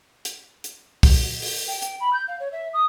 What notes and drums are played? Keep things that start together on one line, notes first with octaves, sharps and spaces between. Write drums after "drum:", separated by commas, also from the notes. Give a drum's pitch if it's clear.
drum: hi-hat
drum: hi-hat
drum: kick, open hi-hat
drum: open hi-hat
G5
G5, drum: hi-hat
B5
G6
F5
C#5
E5
D#6